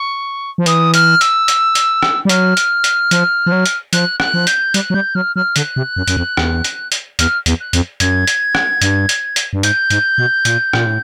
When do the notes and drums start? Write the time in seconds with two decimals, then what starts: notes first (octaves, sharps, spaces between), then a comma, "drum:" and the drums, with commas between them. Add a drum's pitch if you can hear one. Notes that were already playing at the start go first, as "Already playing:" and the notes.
Already playing: C#6
0.58 F3
0.66 E3 D#6, drum: hi-hat
0.94 F6, drum: hi-hat
1.21 E6, drum: hi-hat
1.48 drum: hi-hat
1.75 drum: hi-hat
2.02 drum: rim click
2.25 G3
2.29 F#3 F6, drum: hi-hat
2.57 drum: hi-hat
2.84 drum: hi-hat
3.11 F3, drum: hi-hat
3.46 F3
3.52 F#3
3.66 drum: hi-hat
3.93 F3 F#6, drum: hi-hat
4.20 F#6, drum: rim click
4.34 F3
4.47 G6, drum: hi-hat
4.74 G3 F#6, drum: hi-hat
4.90 F#3
4.94 G3 G6
5.15 F#3 F6
5.35 F#3 F6
5.56 D3 F#6, drum: hi-hat
5.76 C3
5.96 F#2
6.08 F#2, drum: hi-hat
6.17 F2
6.37 E2, drum: rim click
6.64 drum: hi-hat
6.92 drum: hi-hat
7.19 E2 F6, drum: hi-hat
7.46 E2, drum: hi-hat
7.60 F#6
7.73 F2, drum: hi-hat
8.00 F#2 G#6, drum: hi-hat
8.27 drum: hi-hat
8.55 drum: rim click
8.82 G2, drum: hi-hat
9.09 drum: hi-hat
9.36 drum: hi-hat
9.53 G2
9.63 G#2 G6, drum: hi-hat
9.90 G#2, drum: hi-hat
10.18 B2
10.45 A#2, drum: hi-hat
10.73 A#2, drum: rim click
10.86 A2